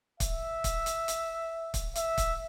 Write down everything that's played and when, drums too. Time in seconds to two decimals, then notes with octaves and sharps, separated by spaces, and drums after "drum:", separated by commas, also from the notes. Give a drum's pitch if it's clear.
0.20 E5, drum: kick, hi-hat
0.64 drum: kick, hi-hat
0.86 drum: hi-hat
1.08 drum: hi-hat
1.74 drum: kick, hi-hat
1.95 E5, drum: hi-hat
2.18 drum: kick, hi-hat